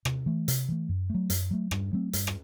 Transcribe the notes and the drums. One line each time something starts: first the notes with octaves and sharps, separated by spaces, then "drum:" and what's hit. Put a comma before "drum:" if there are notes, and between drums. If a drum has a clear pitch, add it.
C3, drum: rim click
E3 A3
C3, drum: hi-hat
E3 A3
F#2
F#3 A3
F#2, drum: hi-hat
F#3 A3
G2, drum: rim click
F#3 A3 C4
G2, drum: hi-hat
drum: rim click